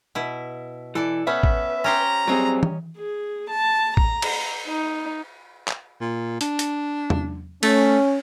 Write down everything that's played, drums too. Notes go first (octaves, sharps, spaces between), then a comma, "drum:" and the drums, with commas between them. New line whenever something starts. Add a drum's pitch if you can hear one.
B2 E4
E3 A4 D5
B3 C#4 B4 E5
drum: kick A1
C#4 G4 C5 A#5
F#3 G3 C4 G#4 C#5 D#5
drum: tom E3
G#4
A5
A#5, drum: kick A1
drum: cymbal
D#4
drum: clap
A#2
D4, drum: hi-hat
drum: hi-hat
drum: tom
A3 C#4, drum: cymbal